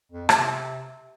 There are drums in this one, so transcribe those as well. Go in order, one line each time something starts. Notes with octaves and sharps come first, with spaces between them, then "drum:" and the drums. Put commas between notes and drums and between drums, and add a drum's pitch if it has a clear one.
F2
C3, drum: rim click